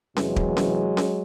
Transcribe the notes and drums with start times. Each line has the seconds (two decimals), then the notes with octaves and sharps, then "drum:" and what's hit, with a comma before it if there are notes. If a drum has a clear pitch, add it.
0.16 E2 C3 E3 F#3 G#3, drum: snare C#4
0.36 drum: kick
0.57 drum: snare C#4
0.97 drum: snare C#4